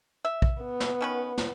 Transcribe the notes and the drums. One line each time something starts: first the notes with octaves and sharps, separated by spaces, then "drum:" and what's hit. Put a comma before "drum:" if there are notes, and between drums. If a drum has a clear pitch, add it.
E5
drum: kick
B3
drum: snare
D#3 C#4 B4
drum: snare